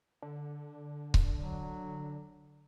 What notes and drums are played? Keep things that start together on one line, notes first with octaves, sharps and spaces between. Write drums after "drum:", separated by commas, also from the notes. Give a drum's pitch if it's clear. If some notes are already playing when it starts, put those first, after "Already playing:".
D3
drum: kick C#1
F#3